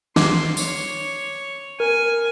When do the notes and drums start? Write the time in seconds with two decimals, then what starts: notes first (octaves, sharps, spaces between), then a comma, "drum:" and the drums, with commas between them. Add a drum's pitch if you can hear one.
0.16 C6 D6, drum: snare
0.57 C#5, drum: tambourine
1.80 A#4 G#5